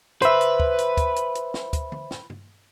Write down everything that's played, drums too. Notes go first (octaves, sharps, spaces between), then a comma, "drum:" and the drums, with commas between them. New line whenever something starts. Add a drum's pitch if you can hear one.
B4 C5 E5, drum: hi-hat
drum: hi-hat
drum: kick
drum: hi-hat
drum: kick, hi-hat
drum: hi-hat
drum: hi-hat
drum: snare
drum: kick, hi-hat
drum: tom
drum: snare
drum: tom G2